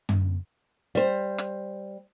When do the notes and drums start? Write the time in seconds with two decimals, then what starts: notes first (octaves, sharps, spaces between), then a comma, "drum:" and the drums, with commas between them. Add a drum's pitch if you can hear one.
0.09 drum: tom F#2
0.95 G3 C5
1.38 drum: rim click